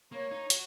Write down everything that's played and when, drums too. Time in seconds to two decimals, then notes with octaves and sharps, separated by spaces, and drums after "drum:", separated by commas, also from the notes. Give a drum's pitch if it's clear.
0.12 A#3 C#5
0.31 D#4
0.50 F#4, drum: hi-hat